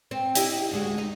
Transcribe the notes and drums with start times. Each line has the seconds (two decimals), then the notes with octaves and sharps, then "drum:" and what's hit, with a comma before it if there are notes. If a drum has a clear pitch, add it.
0.11 C4
0.35 E4 G4 D#5, drum: hi-hat
0.71 D2 G#3 F#4
0.98 D#4